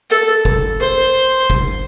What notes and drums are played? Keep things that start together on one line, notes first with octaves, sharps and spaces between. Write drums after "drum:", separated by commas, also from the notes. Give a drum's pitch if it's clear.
A4
drum: kick
C5
drum: kick